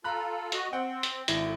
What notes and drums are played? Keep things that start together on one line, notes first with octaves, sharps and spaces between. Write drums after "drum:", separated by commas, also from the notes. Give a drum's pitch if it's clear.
F4 A4 A#5 B5 F#6
F#4 D#5, drum: hi-hat
C4 F#5 G5
drum: hi-hat
G#1 D3 E4 A#6, drum: hi-hat